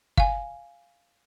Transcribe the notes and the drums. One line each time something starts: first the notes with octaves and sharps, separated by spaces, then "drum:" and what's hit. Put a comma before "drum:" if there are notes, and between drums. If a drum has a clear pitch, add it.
F5 G#5, drum: kick G1